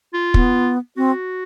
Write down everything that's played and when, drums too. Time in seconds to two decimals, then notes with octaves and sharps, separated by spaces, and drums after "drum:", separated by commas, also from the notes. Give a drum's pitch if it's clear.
0.14 F4
0.34 B3, drum: kick
0.97 C4 F#4